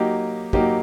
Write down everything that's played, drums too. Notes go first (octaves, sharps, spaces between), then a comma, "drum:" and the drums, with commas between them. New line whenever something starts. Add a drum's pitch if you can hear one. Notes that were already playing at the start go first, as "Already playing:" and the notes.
Already playing: F#3 A#3 D#4 G4
F#3 A#3 D#4 G4, drum: kick